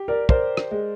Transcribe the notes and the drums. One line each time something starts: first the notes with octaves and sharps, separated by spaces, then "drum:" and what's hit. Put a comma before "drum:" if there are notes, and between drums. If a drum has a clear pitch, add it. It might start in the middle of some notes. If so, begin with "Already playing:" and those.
Already playing: G4
A#4 D5
A#4 C5 D5, drum: kick
drum: rim click
G#3